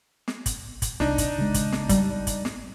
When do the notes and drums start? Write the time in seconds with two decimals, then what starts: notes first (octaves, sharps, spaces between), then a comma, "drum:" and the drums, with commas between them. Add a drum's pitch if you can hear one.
0.28 drum: snare
0.46 drum: kick G1, hi-hat
0.82 drum: kick G1, hi-hat
1.00 C2 D4 D#4, drum: snare
1.18 drum: kick G1, hi-hat
1.38 C#3 G#3
1.54 drum: kick G1, hi-hat
1.72 drum: snare
1.89 G3, drum: kick G1, hi-hat
2.27 drum: kick G1, hi-hat
2.45 drum: snare